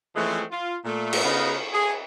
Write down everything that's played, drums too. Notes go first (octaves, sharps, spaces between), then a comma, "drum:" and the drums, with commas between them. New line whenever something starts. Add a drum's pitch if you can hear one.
E3 F3 G#3 A3 C4 C#4
F4
A#2 A3
drum: cymbal
C#3 B3 D#4 F4 A#4 B4
G#4